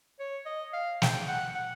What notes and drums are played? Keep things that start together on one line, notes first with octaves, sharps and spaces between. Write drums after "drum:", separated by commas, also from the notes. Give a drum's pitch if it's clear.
C#5
D#5
F5
G5, drum: snare
F#5
F#5